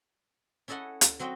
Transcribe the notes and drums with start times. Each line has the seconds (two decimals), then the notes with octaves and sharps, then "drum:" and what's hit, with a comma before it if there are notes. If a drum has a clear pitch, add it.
0.68 C#4 E4 A4 D#5 F#5 G#5
1.01 drum: hi-hat
1.19 F#3 C4 F#4 D#5 G5